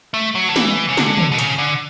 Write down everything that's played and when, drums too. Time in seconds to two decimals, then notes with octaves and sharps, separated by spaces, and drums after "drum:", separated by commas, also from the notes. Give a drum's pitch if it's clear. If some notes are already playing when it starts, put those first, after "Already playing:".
0.14 A3
0.35 F#3
0.49 D3
0.56 E3, drum: snare
0.89 C#3
0.97 D3, drum: snare
1.17 drum: tom
1.31 B2
1.39 C#3, drum: hi-hat
1.58 D3